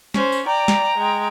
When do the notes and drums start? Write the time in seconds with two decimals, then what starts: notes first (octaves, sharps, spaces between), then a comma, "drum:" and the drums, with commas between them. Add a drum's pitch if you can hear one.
0.14 C#4 C5, drum: snare
0.32 drum: tambourine
0.46 D5 G5 A#5
0.68 drum: snare
0.97 G#3 G5